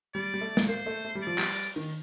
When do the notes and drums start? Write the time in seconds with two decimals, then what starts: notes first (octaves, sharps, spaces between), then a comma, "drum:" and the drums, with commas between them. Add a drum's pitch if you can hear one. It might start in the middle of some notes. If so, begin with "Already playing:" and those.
0.14 G3 D5
0.34 G3
0.41 A3
0.57 drum: snare
0.68 A#3 C5
0.86 A3
1.05 A3
1.15 G3
1.22 F3 D5
1.38 G3, drum: clap
1.52 drum: open hi-hat
1.76 D#3